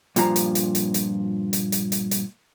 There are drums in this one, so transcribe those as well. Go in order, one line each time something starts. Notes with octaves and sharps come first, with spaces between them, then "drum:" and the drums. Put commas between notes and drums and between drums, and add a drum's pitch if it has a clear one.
G2 A#2 F3 A#5, drum: hi-hat
drum: hi-hat
drum: hi-hat
drum: hi-hat
drum: hi-hat
drum: hi-hat
drum: hi-hat
drum: hi-hat
drum: hi-hat